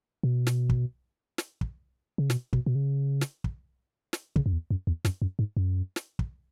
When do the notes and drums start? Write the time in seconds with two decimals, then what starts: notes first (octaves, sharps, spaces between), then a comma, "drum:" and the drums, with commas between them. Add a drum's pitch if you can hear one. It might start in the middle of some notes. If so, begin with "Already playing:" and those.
0.23 B2
0.47 drum: snare
0.69 drum: kick
1.38 drum: snare
1.61 drum: kick
2.18 C#3
2.30 B2, drum: snare
2.53 B2, drum: kick
2.66 B2
2.75 C#3
3.21 drum: snare
3.44 drum: kick
4.13 drum: snare
4.36 C#3, drum: kick
4.46 F#2
4.53 E2
4.70 F#2
4.87 E2
5.05 F#2, drum: snare
5.22 F#2
5.39 G#2
5.57 F#2
5.96 drum: snare
6.19 drum: kick